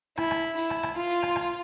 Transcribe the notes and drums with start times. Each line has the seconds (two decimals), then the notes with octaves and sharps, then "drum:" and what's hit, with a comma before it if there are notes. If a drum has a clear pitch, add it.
0.17 E4, drum: rim click
0.31 drum: rim click
0.57 E4, drum: hi-hat
0.70 drum: rim click
0.83 drum: rim click
0.96 F4
1.09 drum: hi-hat
1.23 drum: rim click
1.36 drum: rim click